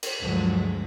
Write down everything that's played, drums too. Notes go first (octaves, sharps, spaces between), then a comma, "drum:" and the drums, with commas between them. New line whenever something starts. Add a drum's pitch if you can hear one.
drum: cymbal
D2 G2 D3 F3 F#3 G#3